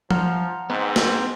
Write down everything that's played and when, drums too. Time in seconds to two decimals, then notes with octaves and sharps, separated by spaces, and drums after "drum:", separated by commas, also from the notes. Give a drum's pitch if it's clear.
0.11 F3 F#5 A#5 F6, drum: tom F3
0.70 G#2 B3 C4
0.96 drum: snare